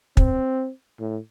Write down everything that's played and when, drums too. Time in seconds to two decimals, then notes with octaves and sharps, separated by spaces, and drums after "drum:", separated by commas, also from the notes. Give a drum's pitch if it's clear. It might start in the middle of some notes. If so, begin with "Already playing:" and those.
0.17 C4, drum: kick
1.00 A2